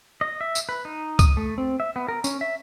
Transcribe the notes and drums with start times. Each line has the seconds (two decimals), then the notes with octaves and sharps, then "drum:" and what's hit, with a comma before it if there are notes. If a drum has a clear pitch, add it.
0.21 D#5
0.41 E5
0.55 drum: tambourine
0.69 B4
0.85 D#4
1.19 D#6, drum: kick C#2, tambourine
1.37 A3
1.58 C4
1.80 E5
1.96 B3
2.08 A#4
2.24 C#4, drum: tambourine
2.41 E5